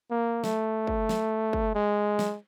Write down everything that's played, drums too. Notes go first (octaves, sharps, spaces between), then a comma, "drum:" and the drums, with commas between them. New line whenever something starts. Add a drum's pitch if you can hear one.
A#3
A3, drum: snare
drum: kick
drum: snare
drum: kick
G#3
drum: snare